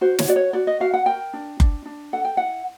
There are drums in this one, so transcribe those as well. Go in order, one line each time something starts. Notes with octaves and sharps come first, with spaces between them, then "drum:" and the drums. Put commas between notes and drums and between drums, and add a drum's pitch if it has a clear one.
F#4 C5
C#5, drum: snare
F#4 D5
C#5
F#4 D5
D#5
F#4 F5
F#5
A#4 G5
D4
D4, drum: kick F#1
D4
A4 F#5
G5
E4 F#5